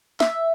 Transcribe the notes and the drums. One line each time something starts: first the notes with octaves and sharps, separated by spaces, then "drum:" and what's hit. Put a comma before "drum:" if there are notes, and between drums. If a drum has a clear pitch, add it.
E5, drum: snare